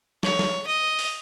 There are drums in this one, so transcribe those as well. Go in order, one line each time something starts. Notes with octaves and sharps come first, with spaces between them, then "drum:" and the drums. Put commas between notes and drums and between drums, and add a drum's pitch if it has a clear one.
C#5, drum: snare
drum: snare
D#5
drum: open hi-hat